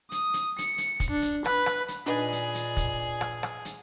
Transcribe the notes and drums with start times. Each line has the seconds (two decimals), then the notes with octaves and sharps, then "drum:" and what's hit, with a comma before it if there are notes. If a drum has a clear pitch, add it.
0.12 D#6, drum: hi-hat
0.34 drum: hi-hat
0.58 C#7, drum: hi-hat
0.78 drum: hi-hat
1.00 drum: kick, hi-hat
1.10 D4
1.22 drum: hi-hat
1.46 B4, drum: rim click
1.66 drum: rim click
1.88 drum: hi-hat
2.06 A#2 D4 D#4 G#4 B4
2.32 drum: hi-hat
2.55 drum: hi-hat
2.77 drum: kick, hi-hat
3.21 drum: rim click
3.43 drum: rim click
3.65 drum: hi-hat